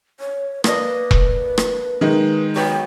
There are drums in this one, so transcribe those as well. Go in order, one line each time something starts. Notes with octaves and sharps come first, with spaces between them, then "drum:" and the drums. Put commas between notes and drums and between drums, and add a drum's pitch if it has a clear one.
C#5
A#3 D4 B4 D#5, drum: rim click
drum: kick E1
drum: rim click
D#3 G#3 D#4
F#3 B3 F#4 G5